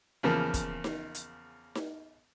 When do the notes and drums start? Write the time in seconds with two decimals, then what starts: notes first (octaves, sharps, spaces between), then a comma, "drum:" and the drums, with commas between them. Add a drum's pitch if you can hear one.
0.23 E2 C#3 F3 A#3
0.54 drum: kick, hi-hat
0.84 drum: snare D#4
1.15 drum: hi-hat
1.75 drum: snare D#4